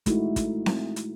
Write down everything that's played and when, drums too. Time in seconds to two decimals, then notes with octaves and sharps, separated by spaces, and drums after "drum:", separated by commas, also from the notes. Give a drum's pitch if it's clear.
0.06 G#3 A3 D#4 E4 F#4, drum: kick, hi-hat
0.36 drum: kick, hi-hat
0.66 drum: snare C4
0.96 drum: hi-hat